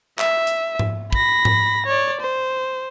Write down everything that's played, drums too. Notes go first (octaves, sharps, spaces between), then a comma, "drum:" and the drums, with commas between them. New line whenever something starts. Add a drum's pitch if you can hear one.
E5, drum: clap
drum: hi-hat
drum: tom G#2
B5 A#6, drum: kick
drum: tom G#2
C#5 D5
C5